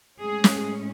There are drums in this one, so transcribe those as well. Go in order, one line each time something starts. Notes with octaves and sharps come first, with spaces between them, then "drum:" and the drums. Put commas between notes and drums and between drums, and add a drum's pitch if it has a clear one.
A2 G#3 C#4 G#4
drum: snare